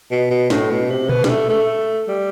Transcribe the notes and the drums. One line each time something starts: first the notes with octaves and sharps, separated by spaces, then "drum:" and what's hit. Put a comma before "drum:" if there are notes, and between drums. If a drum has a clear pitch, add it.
B2
B2
A2, drum: snare
B2
C3
B3, drum: tom A#2
G3, drum: snare
A3
A3
G3